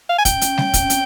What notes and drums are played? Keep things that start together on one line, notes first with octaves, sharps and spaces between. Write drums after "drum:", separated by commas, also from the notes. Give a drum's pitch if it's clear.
F5
G#5
C#4 G5, drum: kick, hi-hat
drum: hi-hat
drum: snare G3
C4, drum: kick, hi-hat
drum: hi-hat